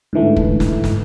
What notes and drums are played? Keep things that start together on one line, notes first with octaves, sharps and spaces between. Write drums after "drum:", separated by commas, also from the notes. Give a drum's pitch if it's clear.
G#2 D3 E3 A3
drum: kick
drum: snare
drum: snare